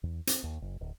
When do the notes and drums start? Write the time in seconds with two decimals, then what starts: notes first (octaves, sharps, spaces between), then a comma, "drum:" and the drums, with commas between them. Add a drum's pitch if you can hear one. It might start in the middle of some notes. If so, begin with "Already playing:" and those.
0.03 E2
0.27 C4, drum: hi-hat
0.44 D#2
0.62 F#1
0.80 D1